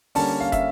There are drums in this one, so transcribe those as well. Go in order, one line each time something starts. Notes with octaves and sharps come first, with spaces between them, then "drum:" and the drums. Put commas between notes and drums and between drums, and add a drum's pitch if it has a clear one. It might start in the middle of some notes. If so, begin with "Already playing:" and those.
D3 G3 A#3 C#4 A5, drum: open hi-hat
F5
E5, drum: kick, hi-hat